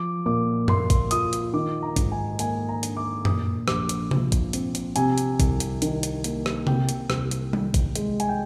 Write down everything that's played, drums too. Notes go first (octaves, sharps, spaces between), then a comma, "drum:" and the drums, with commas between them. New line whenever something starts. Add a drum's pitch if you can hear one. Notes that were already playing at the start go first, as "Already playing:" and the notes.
Already playing: F3 D6
A#2 D6
A#3 C6, drum: tom F#2
drum: kick A1, hi-hat
F4 D#6, drum: hi-hat
drum: hi-hat
D#3 D6
A#5
G#2, drum: kick A1, hi-hat
G#5
A#3 G#5, drum: hi-hat
A#5
D4, drum: hi-hat
D6
A#2 D#6, drum: tom F#2
A#1 D6, drum: rim click
drum: hi-hat
F3, drum: tom C3
drum: kick A1, hi-hat
C4, drum: hi-hat
drum: hi-hat
C3 G#5, drum: hi-hat
drum: hi-hat
C2, drum: kick A1, hi-hat
drum: hi-hat
D#3, drum: hi-hat
drum: hi-hat
A#3, drum: hi-hat
drum: rim click
C3 G5, drum: tom C3
drum: hi-hat
C2, drum: rim click
drum: hi-hat
D#3, drum: tom G3
drum: kick A1, hi-hat
G#3, drum: hi-hat
G#5, drum: hi-hat
G5